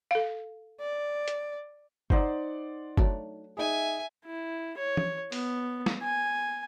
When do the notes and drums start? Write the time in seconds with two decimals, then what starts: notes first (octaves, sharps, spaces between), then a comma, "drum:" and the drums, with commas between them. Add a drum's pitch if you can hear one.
0.11 A4 F5
0.81 D5
1.28 drum: hi-hat
2.10 D#4 C5 D5 F#5 C6, drum: kick F#1
2.97 F#3 A3 D4, drum: kick F#1
3.57 D#4 G#4 E5 G#5
4.25 E4
4.77 C#5
4.97 drum: tom E3
5.32 B3, drum: open hi-hat
5.86 drum: snare
6.02 G#5